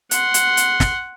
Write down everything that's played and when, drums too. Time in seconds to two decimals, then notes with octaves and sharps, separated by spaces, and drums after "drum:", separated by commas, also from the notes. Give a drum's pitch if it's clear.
0.11 F#5 C6, drum: hi-hat
0.34 drum: hi-hat
0.57 drum: hi-hat
0.80 drum: snare